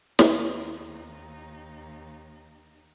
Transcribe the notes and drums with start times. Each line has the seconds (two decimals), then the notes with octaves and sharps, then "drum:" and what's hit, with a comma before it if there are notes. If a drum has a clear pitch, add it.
0.19 D#2 D#4, drum: snare